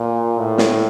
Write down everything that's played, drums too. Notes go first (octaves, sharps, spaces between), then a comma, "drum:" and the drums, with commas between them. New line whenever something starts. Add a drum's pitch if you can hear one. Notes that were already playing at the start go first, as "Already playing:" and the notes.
Already playing: A#2
A2
drum: snare